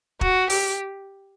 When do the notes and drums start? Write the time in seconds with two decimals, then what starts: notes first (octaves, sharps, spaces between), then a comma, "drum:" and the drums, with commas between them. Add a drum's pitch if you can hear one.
0.21 F#4, drum: kick
0.50 G4, drum: open hi-hat